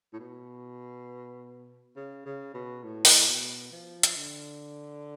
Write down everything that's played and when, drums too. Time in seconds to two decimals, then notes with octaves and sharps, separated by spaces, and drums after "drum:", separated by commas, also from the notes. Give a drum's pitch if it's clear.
0.13 A2
0.19 B2
1.96 C#3
2.26 C#3
2.54 B2
2.84 A2
3.05 drum: open hi-hat
3.28 B2
3.72 F3
4.03 drum: hi-hat
4.16 D3